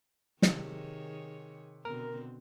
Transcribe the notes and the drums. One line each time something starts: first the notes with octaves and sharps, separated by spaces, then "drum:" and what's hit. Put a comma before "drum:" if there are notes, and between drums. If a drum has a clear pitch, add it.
C3 D#3 G#4 C#5, drum: snare
B2 D3 C4 A#4